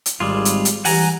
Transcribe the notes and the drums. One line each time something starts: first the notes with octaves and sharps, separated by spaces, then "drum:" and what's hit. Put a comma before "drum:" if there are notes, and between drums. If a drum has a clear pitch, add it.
drum: hi-hat
G#1 G3 G#3 F4
drum: hi-hat
drum: hi-hat
E3 G3 F#5 G#5 A#5, drum: open hi-hat